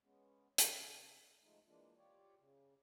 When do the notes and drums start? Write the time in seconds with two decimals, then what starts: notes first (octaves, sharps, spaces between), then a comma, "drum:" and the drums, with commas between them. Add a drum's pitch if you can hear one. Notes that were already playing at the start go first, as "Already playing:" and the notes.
0.01 G#3 B3 C#4
0.58 C3, drum: hi-hat
1.41 F3 G#3 A3 D#4
1.66 E3 G#3 A#3 D4 F4
1.97 F4 G4 C#5 D5
2.37 C#3